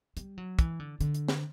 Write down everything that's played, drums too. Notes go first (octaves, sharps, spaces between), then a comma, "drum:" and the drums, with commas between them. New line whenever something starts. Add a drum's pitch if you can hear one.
G3, drum: hi-hat
F#3
E3, drum: kick, hi-hat
D3
D3, drum: hi-hat
drum: hi-hat
drum: snare